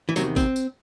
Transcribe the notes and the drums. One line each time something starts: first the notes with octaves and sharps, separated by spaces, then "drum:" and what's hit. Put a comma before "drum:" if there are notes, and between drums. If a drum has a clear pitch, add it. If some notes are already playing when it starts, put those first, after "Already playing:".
E3
E2 C3 D#3 F#3, drum: tambourine
C4, drum: kick, tambourine
drum: tambourine